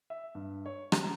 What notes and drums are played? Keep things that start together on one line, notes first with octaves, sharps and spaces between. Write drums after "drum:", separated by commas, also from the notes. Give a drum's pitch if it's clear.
E5
G2
C#5
A#5, drum: rim click